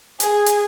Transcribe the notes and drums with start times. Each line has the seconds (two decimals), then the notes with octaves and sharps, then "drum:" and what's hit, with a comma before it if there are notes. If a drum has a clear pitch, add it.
0.20 G#4, drum: hi-hat
0.46 drum: hi-hat